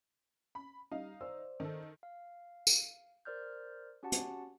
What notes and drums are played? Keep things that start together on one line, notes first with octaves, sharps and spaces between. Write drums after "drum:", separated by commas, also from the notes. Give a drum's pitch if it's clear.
B5
G3 D#4 F5
C5 D5 E6
D#3 A4
F5
drum: tambourine
A#4 C5 D5 F6 G6
C#4 F#4 G4 F#5 A5
drum: hi-hat